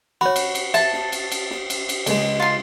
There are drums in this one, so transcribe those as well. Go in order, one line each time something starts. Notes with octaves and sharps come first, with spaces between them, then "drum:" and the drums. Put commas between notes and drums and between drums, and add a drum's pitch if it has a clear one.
F#4 C#5 B5
drum: cymbal
drum: cymbal
E5 A5, drum: cymbal
drum: snare
drum: cymbal
drum: cymbal
drum: snare
drum: cymbal
drum: cymbal
C#2 G#3, drum: cymbal
F4 C6